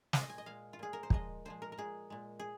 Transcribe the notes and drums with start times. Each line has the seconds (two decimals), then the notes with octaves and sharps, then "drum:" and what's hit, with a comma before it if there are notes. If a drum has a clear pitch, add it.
0.13 A#2 G#3 C5, drum: snare
0.21 D#5
0.30 G#5
0.38 D#5
0.46 A#2 G#3 F5
0.73 F4
0.79 A#2 G#3 G#4
0.93 A#4
1.03 C5
1.10 A#2 F3 G#3 D#5, drum: kick
1.45 A#2 F3 G#3 C5
1.62 A#4
1.72 A#4
1.78 A#2 G#3 G#4
2.10 A#2 G#3
2.39 G#4